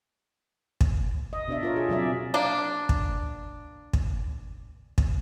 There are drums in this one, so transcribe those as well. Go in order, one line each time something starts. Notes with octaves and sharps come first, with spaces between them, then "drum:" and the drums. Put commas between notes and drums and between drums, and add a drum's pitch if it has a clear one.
drum: kick
D#5
B2 D4 D5 E5
F4 A#4 C#5
G#4
C3 F#3 D5 E5
A#3 D4
drum: kick
drum: kick
drum: kick